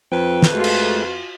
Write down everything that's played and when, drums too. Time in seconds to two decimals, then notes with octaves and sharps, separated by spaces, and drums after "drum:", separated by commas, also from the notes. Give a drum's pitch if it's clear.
0.12 F2 F3 C4 B4 G5
0.42 drum: snare
0.53 G#3 A3 F4 F#4
0.64 drum: cymbal